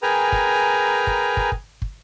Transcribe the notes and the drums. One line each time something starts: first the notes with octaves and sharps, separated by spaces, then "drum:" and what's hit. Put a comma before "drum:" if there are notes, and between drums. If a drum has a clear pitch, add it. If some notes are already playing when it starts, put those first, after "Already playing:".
G#4 A#4 B4 G5 G#5 A#5
drum: kick
drum: kick
drum: kick
drum: kick
drum: kick